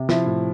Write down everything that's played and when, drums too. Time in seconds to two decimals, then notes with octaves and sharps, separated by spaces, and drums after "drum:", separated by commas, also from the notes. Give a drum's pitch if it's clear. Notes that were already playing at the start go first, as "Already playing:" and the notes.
Already playing: C3
0.09 F3 E4, drum: snare
0.26 A2